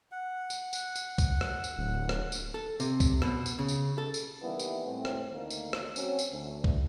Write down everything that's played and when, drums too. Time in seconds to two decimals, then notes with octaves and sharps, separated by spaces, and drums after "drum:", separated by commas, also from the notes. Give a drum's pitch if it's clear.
0.12 F#5
0.50 drum: tambourine
0.73 drum: tambourine
0.96 drum: tambourine
1.18 drum: kick C2, tambourine
1.41 drum: rim click
1.64 drum: tambourine
1.78 D1
2.09 drum: rim click
2.32 drum: tambourine
2.54 A4
2.80 C3, drum: tambourine
3.00 drum: kick C2, tambourine
3.22 B2, drum: rim click
3.46 drum: tambourine
3.59 C#3
3.68 drum: tambourine
3.98 A4
4.14 drum: tambourine
4.43 D#3 E3 G3 A#3 B3 E4
4.59 drum: tambourine
4.86 A2 C4
5.05 drum: rim click
5.31 D2 D#3 A#3
5.50 drum: tambourine
5.73 drum: rim click
5.96 F#3 C4 C#4, drum: tambourine
6.19 drum: tambourine
6.33 D2
6.64 drum: kick C2